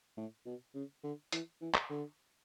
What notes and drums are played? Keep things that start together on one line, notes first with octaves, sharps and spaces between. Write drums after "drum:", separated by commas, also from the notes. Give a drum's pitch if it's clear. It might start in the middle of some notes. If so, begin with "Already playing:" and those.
A2
B2
C#3
D3
E3, drum: hi-hat
E3
drum: clap
D3